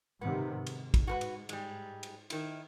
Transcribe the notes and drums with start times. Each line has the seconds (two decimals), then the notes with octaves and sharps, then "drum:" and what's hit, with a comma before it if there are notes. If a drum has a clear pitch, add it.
0.21 G#2 C3 D#3 B3
0.56 G#2
0.67 drum: cymbal
0.94 drum: kick, cymbal
1.07 F#4 A#4 B4
1.21 drum: cymbal
1.49 G3 G#3, drum: cymbal
2.03 drum: cymbal
2.30 D#3 E4, drum: cymbal